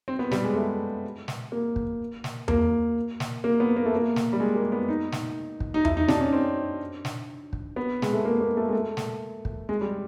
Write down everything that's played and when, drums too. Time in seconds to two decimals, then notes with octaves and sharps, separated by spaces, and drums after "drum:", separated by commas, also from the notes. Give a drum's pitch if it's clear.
0.08 C4
0.19 B3
0.31 G3, drum: snare
0.44 G#3
0.56 A3
1.28 drum: snare
1.52 A#3
1.76 drum: kick
2.24 drum: snare
2.48 A#3, drum: tom E2
3.20 drum: snare
3.44 A#3
3.60 B3
3.76 A#3
3.86 A3
3.95 A#3
4.16 drum: snare
4.33 G3
4.40 G#3
4.56 A#3
4.72 B3
4.88 D#4
5.12 drum: snare
5.60 drum: kick
5.74 D#4
5.85 E4, drum: tom E2
5.97 D#4
6.08 D4, drum: snare
6.21 C#4
6.33 C4
7.05 drum: snare
7.53 drum: kick
7.76 B3
8.02 G#3, drum: snare
8.13 A3
8.25 A#3
8.41 A#3
8.57 A3
8.69 G#3
8.73 A3
8.97 drum: snare
9.45 drum: kick
9.69 G#3
9.81 G3